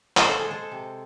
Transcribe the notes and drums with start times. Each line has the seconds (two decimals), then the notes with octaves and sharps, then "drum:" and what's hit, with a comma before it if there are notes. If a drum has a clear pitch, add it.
0.17 G#3 C5, drum: clap
0.28 A4
0.39 G#4
0.45 G#3
0.51 A4
0.72 C3